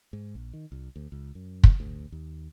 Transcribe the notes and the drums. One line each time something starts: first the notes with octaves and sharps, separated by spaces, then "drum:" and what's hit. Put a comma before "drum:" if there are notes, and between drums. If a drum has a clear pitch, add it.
G#2
A#1
D#3
C2
D2
C#2
F#2
drum: kick
D2
D#2